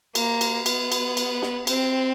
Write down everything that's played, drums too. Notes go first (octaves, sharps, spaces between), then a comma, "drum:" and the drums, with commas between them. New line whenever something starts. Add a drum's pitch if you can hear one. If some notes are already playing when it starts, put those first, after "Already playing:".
A#3, drum: cymbal
drum: cymbal
B3, drum: cymbal
drum: cymbal
drum: cymbal
drum: snare
C4, drum: cymbal